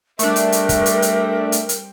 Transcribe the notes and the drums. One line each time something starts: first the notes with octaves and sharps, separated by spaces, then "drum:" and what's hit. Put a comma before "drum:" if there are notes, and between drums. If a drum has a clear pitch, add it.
G3 A3 C4 D4 A#4 E5, drum: hi-hat
drum: hi-hat
drum: hi-hat
drum: kick, hi-hat
drum: hi-hat
drum: hi-hat
drum: hi-hat
drum: hi-hat